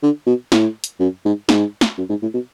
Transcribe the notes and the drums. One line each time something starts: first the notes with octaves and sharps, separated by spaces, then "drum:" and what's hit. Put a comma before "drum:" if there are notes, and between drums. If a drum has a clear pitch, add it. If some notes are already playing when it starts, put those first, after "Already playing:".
D3
B2
A2, drum: snare
drum: hi-hat
F#2
G#2
G#2, drum: snare
drum: snare
F#2
G#2
A2
B2